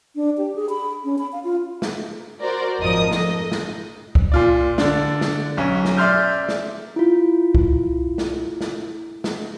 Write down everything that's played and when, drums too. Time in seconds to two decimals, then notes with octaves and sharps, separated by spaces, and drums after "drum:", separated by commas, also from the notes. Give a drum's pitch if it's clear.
0.16 D4
0.38 G4
0.56 G#4
0.69 B5
1.04 C#4
1.18 B5
1.32 F5
1.44 F4
1.82 drum: snare
2.42 F#4 A#4 C5 D5
2.79 G#1 F2 F3 A#4 D#5 D#6
3.11 A3 D#5, drum: snare
3.52 drum: snare
4.15 drum: kick C2
4.32 A#2 F4 D5
4.78 D3 D4, drum: snare
5.21 drum: snare
5.57 B1 C#4
5.85 drum: snare
5.97 D5 E5 C6 F6 G6
6.49 drum: snare
6.96 E4 F4
7.55 drum: kick C2
8.18 drum: snare
8.61 drum: snare
9.24 drum: snare